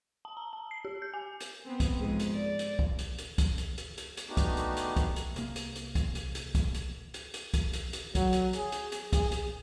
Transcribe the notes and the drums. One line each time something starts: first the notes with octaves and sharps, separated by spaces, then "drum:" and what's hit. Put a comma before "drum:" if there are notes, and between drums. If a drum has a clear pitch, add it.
A5
A#5
A5
C7
G4
G6
G#5
drum: hi-hat
B3 C4
drum: kick, hi-hat
F2 G#2 G#4
drum: hi-hat
D5
drum: hi-hat
drum: kick
drum: hi-hat
drum: hi-hat
drum: kick, hi-hat
drum: hi-hat
drum: hi-hat
drum: hi-hat
drum: hi-hat
A3 B3 D4 D#4 F#4 G4
drum: kick, hi-hat
drum: hi-hat
drum: hi-hat
drum: kick, hi-hat
drum: hi-hat
C2 A#3, drum: hi-hat
drum: hi-hat
drum: hi-hat
drum: kick, hi-hat
drum: hi-hat
drum: hi-hat
drum: kick, hi-hat
drum: hi-hat
drum: hi-hat
drum: hi-hat
drum: kick, hi-hat
drum: hi-hat
drum: hi-hat
F#3, drum: kick, hi-hat
drum: hi-hat
G#4, drum: hi-hat
drum: hi-hat
drum: hi-hat
G#4, drum: kick, hi-hat
drum: hi-hat